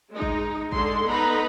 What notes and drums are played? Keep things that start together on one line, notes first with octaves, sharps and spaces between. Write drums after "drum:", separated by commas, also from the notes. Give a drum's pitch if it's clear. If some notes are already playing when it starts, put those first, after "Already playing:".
G#3 D#4
drum: kick
D3 G#3 A4 C6, drum: kick
B3 D#4 A4 B4 A#5 B5